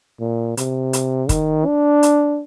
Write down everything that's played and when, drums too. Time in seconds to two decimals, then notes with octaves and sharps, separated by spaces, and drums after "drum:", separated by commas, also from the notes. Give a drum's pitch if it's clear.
0.20 A#2
0.57 C3, drum: hi-hat
0.93 drum: hi-hat
1.29 D#3, drum: kick, hi-hat
1.66 D4
2.03 drum: hi-hat